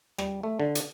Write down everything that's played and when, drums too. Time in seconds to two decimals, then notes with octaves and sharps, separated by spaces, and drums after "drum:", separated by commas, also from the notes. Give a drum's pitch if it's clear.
0.18 G3, drum: rim click
0.43 A3
0.60 D3
0.75 drum: hi-hat